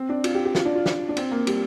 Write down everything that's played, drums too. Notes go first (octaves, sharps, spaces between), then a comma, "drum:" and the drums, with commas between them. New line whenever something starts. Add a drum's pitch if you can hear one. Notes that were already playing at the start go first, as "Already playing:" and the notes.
Already playing: C4
D4
F4, drum: cymbal
G4
G4
F4, drum: snare
D4
F4
drum: snare
D4
C4, drum: cymbal
A#3
G3, drum: cymbal